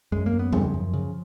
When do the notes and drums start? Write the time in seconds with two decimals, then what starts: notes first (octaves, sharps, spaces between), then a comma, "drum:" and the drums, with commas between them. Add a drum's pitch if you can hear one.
0.12 F#2 G#3
0.26 A#3
0.32 F#2
0.39 B3
0.53 C#3 F3, drum: tom
0.74 F#2
0.93 C#3